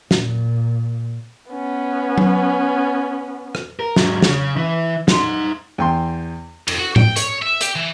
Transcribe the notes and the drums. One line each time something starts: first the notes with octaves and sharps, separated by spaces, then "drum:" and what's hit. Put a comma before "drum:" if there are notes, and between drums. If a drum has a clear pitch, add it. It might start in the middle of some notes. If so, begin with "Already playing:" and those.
A#2, drum: snare
B3 C#4
drum: tom F#3
drum: rim click
A#4
G#2 F#3, drum: snare
C#3, drum: snare
E3
D#4 C6, drum: snare
E2 G5 C6
F2, drum: cymbal
F#4
G5, drum: tom A2
C#5, drum: hi-hat
E5
G4, drum: hi-hat
E3